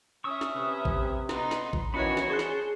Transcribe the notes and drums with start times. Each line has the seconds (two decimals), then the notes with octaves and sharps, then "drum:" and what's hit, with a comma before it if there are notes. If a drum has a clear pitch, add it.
0.24 C#4 E5 C#6 D#6 E6
0.41 drum: snare
0.56 C3 B4
0.85 drum: kick A1
1.29 B3 D#4 C6, drum: snare
1.51 drum: snare
1.73 drum: kick A1
1.94 D#3 E3 B3 C#4 F#4 C#5 B5 C#7
2.17 drum: snare
2.30 G#4 C5 C#5 A5 F#6
2.39 drum: snare